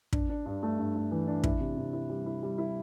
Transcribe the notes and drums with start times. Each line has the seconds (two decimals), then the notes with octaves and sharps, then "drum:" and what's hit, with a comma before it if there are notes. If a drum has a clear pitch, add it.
0.13 D4, drum: kick
0.29 D4
0.46 G2
0.63 A3
0.78 G2
0.95 A3
1.11 E3
1.27 D4
1.44 E4, drum: kick
1.60 C3
1.77 C3
1.93 E4
2.10 G3
2.26 E4
2.43 G3
2.58 E4